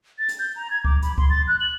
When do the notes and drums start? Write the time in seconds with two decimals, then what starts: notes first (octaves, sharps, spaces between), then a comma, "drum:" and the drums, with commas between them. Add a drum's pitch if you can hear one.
0.18 A6
0.28 drum: hi-hat
0.39 G6
0.56 A#5
0.71 G#6
0.85 D6, drum: kick C#2
1.02 B5, drum: hi-hat
1.18 C6, drum: kick C#2
1.30 A6
1.47 F#6
1.60 F#7